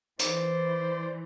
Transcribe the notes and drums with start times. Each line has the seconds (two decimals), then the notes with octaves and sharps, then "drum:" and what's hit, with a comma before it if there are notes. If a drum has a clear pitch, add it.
0.19 E3 C5 D5, drum: hi-hat